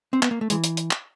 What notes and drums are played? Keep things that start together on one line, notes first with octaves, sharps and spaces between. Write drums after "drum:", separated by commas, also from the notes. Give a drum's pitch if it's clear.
C4
B3, drum: clap
A#3
A3
E3 G#3, drum: hi-hat
drum: hi-hat
drum: hi-hat
drum: clap